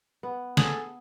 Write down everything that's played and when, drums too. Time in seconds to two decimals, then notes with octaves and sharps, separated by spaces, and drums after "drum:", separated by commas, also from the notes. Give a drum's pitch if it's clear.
0.23 B3
0.57 G#4 A4 D#6 G#6 F#7, drum: snare